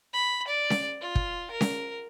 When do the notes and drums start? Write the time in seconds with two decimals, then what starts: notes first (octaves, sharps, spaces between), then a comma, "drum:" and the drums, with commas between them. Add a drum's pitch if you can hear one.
0.14 B5
0.48 D5
0.70 drum: snare C#4
1.01 F4
1.15 drum: kick
1.51 A#4
1.61 drum: snare C#4